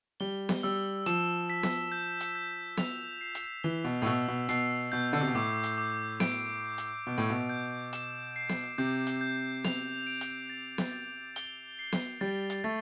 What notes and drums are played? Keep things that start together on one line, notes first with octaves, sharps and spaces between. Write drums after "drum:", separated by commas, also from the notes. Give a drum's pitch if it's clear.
G3 G7
drum: snare B3
G3 E6
F3 E7, drum: hi-hat
B6
drum: snare B3
G6
drum: hi-hat
G6
F7, drum: snare B3
C7
drum: hi-hat
E3 G7
B2
A2
B2 E6
B2
B2 C7, drum: hi-hat
B2 G6
D3
C3
B2
A2 D6
drum: hi-hat
D6
D7, drum: snare B3
G6
drum: hi-hat
B2 G6
A2
B2
G6
E7, drum: hi-hat
C7
drum: snare B3
C3 G6
drum: hi-hat
G6
F7, drum: snare B3
D7
drum: hi-hat
A6
drum: snare B3
A6
G7, drum: hi-hat
C7
drum: snare B3
G3 A6
drum: hi-hat
A3 A6